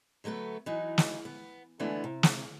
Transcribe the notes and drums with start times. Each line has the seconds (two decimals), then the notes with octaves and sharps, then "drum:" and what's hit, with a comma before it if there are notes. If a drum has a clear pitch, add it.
0.24 D3 F#3 A3 B3 B4
0.66 E3 F#3 D#4 F#4
0.98 drum: snare
1.25 B3
1.79 D3 E3 G#3 A3 B3 D4
2.04 C3
2.23 drum: snare